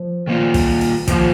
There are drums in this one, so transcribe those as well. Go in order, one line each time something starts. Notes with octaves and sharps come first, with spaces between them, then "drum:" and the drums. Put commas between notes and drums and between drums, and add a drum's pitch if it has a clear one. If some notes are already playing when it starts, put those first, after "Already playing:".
Already playing: F3
D#3 A#3 F4
drum: kick, open hi-hat
drum: open hi-hat
D#3 F3 A#3 F4, drum: kick, hi-hat